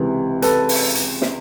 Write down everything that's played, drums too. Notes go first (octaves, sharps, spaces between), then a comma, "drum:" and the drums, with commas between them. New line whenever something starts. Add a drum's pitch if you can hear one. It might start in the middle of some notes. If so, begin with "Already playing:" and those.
Already playing: C#2 C3 E3
A4 B4, drum: hi-hat
drum: open hi-hat
drum: hi-hat
drum: snare